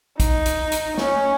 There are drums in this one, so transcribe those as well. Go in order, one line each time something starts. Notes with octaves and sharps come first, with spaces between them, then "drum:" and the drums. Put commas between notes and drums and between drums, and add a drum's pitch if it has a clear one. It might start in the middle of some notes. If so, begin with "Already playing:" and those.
D#4, drum: kick, hi-hat
drum: hi-hat
drum: hi-hat
C#4, drum: snare